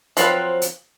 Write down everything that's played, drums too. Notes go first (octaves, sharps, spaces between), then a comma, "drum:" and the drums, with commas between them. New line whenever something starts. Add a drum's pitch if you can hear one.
F3 F#3 C4 B4, drum: hi-hat
drum: hi-hat